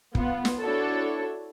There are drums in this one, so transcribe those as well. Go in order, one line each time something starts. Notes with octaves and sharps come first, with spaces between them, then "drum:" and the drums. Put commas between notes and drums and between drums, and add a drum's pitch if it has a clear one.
B3 F4, drum: kick
drum: snare
D4 E4 F#4 A4 C#5